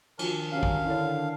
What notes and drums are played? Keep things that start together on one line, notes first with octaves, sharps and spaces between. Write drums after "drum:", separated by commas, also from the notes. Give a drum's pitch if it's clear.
D#3 F3 D4 F4 F#4 A#4, drum: cymbal
C3 F#3 C#4 F5
drum: kick
D3 E4 C#5